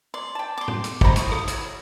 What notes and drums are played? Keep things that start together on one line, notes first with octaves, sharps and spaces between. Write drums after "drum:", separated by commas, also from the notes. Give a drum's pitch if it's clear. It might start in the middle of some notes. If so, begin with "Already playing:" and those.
D5 C6
G5 A5
C6 D6
drum: tom A2
drum: hi-hat
D#3 C5 C#5 A#5 B5, drum: kick
E4 C#6 D#6, drum: hi-hat
drum: rim click
F#3, drum: hi-hat